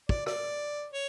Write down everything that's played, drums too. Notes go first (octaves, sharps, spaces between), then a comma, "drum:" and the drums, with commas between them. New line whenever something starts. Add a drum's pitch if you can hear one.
D5, drum: kick
D5, drum: rim click
C#5